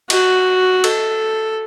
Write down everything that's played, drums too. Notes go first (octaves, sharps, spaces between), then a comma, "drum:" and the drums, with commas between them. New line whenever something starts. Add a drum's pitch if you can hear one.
F#4, drum: cymbal
A4, drum: cymbal